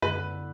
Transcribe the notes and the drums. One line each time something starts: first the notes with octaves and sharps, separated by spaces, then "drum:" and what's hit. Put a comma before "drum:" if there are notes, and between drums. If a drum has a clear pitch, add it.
D3 B3 E4 B4, drum: tom F#2